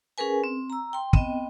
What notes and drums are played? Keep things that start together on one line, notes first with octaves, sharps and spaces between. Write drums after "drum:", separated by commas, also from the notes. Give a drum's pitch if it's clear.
C#4 G#4 A#4 B4 G#5
C4
A#5 E6
G5 C6
B3 C4 D#5 G5, drum: kick